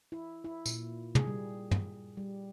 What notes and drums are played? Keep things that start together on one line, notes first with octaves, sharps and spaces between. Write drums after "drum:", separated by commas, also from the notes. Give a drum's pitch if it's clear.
E4
E4
A#2, drum: tambourine
G#4, drum: tom
G3
drum: tom
G3